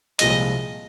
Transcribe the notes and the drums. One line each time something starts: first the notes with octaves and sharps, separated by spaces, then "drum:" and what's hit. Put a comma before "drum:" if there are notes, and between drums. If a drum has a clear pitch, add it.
C2 A#2 F3 G#3 D#5, drum: hi-hat